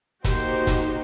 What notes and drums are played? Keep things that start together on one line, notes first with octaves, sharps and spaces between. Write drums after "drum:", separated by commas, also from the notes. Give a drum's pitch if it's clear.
A#3 D#4 F#4 G4 C5, drum: kick, hi-hat
drum: kick, hi-hat